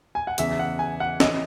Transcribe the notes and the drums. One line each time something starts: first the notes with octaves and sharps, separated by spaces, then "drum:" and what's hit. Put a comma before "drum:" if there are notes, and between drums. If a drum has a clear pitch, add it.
G#5
F#5
E2 C#3 E3 E5, drum: hi-hat
F#5
G#5
F#5
E3 D#5, drum: snare